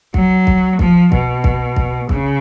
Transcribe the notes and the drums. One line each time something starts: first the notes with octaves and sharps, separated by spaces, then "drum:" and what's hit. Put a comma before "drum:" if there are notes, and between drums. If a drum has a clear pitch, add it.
F#3, drum: kick
drum: kick
F3, drum: kick
B2, drum: kick
drum: kick
drum: kick
C#3, drum: kick